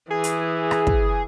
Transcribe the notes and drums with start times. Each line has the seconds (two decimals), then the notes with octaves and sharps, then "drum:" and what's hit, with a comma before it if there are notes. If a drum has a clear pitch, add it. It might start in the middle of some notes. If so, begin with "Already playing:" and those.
0.10 E3 G#4
0.24 drum: hi-hat
0.71 drum: rim click
0.87 drum: kick